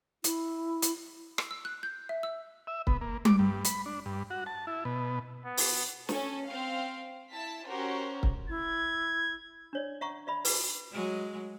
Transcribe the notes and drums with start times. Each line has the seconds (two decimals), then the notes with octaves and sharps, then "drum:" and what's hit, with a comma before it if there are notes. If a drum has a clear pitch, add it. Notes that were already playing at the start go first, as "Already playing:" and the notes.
0.24 E4, drum: hi-hat
0.82 drum: hi-hat
1.38 E6, drum: rim click
1.51 E6
1.65 F#6
1.83 G6
2.09 E5
2.23 E6
2.67 E5
2.87 B3, drum: kick C#1
3.01 A#3
3.25 D6, drum: tom G3
3.39 G2
3.65 B5, drum: hi-hat
3.86 D4
4.06 G2
4.30 F#4
4.46 A5
4.67 E4
4.85 B2
5.45 B3
5.57 drum: open hi-hat
6.09 C#4 A4, drum: snare
6.48 C4 F5
7.31 E4 A5 B6
7.68 C#4 F#4 G4 A#4 C5
8.23 drum: kick C#1
8.49 E4 G#6
9.73 D4 C#5 D5
10.01 E5 F#5 A#5 C#6
10.27 D5 E5 B5
10.45 B4, drum: open hi-hat
10.91 F#3 G#3